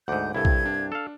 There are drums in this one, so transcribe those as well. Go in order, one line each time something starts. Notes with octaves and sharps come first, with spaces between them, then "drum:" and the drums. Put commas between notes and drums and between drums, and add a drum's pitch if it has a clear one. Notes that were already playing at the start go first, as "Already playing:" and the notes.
D2 G#2 F#5 D6 G6
C2 G2 E4 A4 G#6
drum: kick
D4
A4 F5